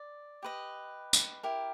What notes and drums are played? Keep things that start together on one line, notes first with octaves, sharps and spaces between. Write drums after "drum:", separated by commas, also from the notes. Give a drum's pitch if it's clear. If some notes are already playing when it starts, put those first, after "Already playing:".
Already playing: D5
G4 B4 D#5
drum: tambourine
E4 G4 A#4